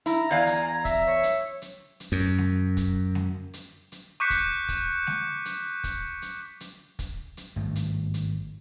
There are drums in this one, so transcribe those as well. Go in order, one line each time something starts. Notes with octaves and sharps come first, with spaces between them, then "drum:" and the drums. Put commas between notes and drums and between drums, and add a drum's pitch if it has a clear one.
E4 A#5, drum: hi-hat
E2 D5 F5 G#5
drum: hi-hat
E5, drum: kick, hi-hat
C#5
drum: hi-hat
drum: hi-hat
drum: hi-hat
F#2
drum: snare G#3
drum: kick, hi-hat
drum: snare G#3
drum: hi-hat
drum: hi-hat
C#6 D6 F#6 G6 B6 C#7
drum: kick, hi-hat
drum: kick, hi-hat
drum: snare G#3
drum: hi-hat
drum: kick, hi-hat
drum: hi-hat
drum: hi-hat
drum: kick, hi-hat
drum: hi-hat
G#1 G2 D#3 A3
drum: hi-hat
drum: hi-hat